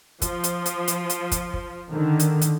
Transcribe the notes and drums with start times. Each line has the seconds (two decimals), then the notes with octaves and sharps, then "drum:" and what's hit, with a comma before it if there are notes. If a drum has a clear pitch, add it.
0.22 F3, drum: kick, hi-hat
0.44 drum: hi-hat
0.66 drum: hi-hat
0.88 drum: hi-hat
1.10 drum: hi-hat
1.32 drum: kick, hi-hat
1.53 drum: kick
1.90 D3 D#3
2.19 drum: hi-hat
2.41 drum: hi-hat